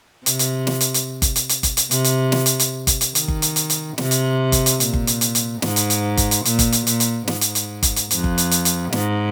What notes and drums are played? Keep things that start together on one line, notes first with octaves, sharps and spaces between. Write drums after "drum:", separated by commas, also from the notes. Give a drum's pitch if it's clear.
C3, drum: hi-hat
drum: hi-hat
drum: snare
drum: hi-hat
drum: hi-hat
drum: kick G1, hi-hat
drum: hi-hat
drum: hi-hat
drum: kick G1, hi-hat
drum: hi-hat
C3, drum: hi-hat
drum: hi-hat
drum: snare
drum: hi-hat
drum: hi-hat
drum: kick G1, hi-hat
drum: hi-hat
D#3, drum: hi-hat
drum: kick G1
drum: hi-hat
drum: hi-hat
drum: hi-hat
C3, drum: snare
drum: hi-hat
drum: kick G1, hi-hat
drum: hi-hat
A#2, drum: hi-hat
drum: kick G1
drum: hi-hat
drum: hi-hat
drum: hi-hat
G#2, drum: snare
drum: hi-hat
drum: hi-hat
drum: kick G1, hi-hat
drum: hi-hat
A#2, drum: hi-hat
drum: kick G1, hi-hat
drum: hi-hat
A#2, drum: hi-hat
drum: hi-hat
G#2, drum: snare
drum: hi-hat
drum: hi-hat
drum: kick G1, hi-hat
drum: hi-hat
F2, drum: hi-hat
drum: kick G1
drum: hi-hat
drum: hi-hat
drum: hi-hat
G#2, drum: snare